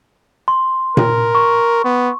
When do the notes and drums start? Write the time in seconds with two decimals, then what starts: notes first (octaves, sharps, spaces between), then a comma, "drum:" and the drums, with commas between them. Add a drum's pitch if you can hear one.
0.48 C6
0.97 A#4, drum: tom A#2
1.35 C#6
1.85 B3